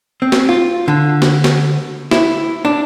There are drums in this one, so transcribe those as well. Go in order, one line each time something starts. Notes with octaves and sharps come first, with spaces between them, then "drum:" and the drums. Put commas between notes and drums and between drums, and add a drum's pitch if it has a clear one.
C4
drum: snare
F4
D3
drum: snare
drum: snare
E4, drum: snare
D4